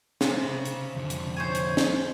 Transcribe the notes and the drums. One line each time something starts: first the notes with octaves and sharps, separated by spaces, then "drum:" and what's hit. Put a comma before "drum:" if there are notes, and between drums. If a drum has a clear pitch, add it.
C3, drum: snare
C#3
drum: hi-hat
F2 D3
drum: hi-hat
C5 C#5 G#5
drum: hi-hat
drum: snare